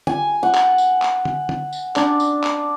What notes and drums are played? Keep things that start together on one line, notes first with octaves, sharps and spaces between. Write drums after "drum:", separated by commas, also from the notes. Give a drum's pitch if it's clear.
G#5, drum: tom
F#5
drum: clap
drum: tambourine
drum: clap
drum: tom
drum: tom
drum: tambourine
D4, drum: clap
drum: tambourine
drum: clap